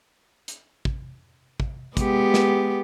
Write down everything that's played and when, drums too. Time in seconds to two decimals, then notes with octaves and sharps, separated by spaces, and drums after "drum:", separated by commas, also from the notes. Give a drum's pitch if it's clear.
0.48 drum: hi-hat
0.85 drum: kick
1.60 drum: kick
1.97 G#3 B3 G4, drum: kick, hi-hat
2.34 drum: snare